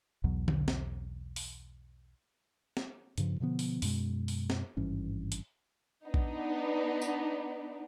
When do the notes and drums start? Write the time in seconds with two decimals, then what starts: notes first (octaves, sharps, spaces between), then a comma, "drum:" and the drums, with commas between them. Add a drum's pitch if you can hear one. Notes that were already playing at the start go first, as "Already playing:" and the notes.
0.24 B1 E2 B2 F#3
0.48 drum: tom D3
0.68 drum: snare
1.36 drum: open hi-hat
2.77 drum: snare
3.18 G2 C#3 F3, drum: hi-hat
3.40 B2 D3 F3 B3
3.59 drum: open hi-hat
3.82 F#2 B2 G#3, drum: open hi-hat
4.28 drum: open hi-hat
4.50 drum: snare
4.77 G#1 G2 E3 C#4
5.32 drum: hi-hat
6.05 B3 D4 D#4
6.14 drum: kick A#1
7.02 drum: tambourine